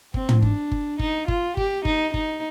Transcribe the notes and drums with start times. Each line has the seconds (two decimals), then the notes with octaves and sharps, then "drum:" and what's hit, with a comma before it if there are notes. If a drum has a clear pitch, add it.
0.14 C4, drum: kick G1
0.29 drum: tom
0.42 D4, drum: kick G1
0.71 drum: kick G1
0.99 D#4, drum: kick G1
1.28 F4, drum: kick G1
1.57 G4, drum: kick G1
1.85 D#4, drum: kick G1
2.14 D#4, drum: kick G1